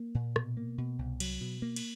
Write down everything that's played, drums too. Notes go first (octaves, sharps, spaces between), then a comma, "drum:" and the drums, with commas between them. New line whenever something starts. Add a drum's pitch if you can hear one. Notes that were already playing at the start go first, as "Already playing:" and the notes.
Already playing: A#3
A#2
B2, drum: rim click
A#3
B2
C2
F#3, drum: cymbal
B2
A#3
drum: cymbal